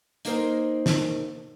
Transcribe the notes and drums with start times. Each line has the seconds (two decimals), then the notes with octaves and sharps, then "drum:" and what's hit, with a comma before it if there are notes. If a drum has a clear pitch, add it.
0.25 A#3 D#4 G#4 A#4 C5 G5, drum: hi-hat
0.86 drum: snare